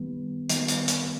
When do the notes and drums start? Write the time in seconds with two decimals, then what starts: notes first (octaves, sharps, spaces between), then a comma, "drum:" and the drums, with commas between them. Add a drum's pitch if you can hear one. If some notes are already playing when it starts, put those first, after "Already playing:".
Already playing: D#3 G3 B3
0.49 D#3 G3 B3, drum: hi-hat
0.68 drum: hi-hat
0.88 drum: hi-hat